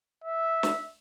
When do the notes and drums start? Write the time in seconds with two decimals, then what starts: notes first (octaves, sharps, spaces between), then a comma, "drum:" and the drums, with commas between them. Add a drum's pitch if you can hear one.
0.24 E5
0.63 drum: snare